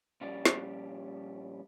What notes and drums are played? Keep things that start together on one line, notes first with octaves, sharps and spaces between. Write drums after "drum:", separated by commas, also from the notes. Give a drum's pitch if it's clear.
A#2 F3 G3 C#4 D5
drum: snare